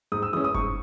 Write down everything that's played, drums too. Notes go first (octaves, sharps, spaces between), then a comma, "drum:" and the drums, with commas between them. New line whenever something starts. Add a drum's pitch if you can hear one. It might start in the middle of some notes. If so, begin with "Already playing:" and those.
G#2 D#6
E6
E3 G#3 C#4 D#6
D#6
G#2 C#6, drum: kick F#1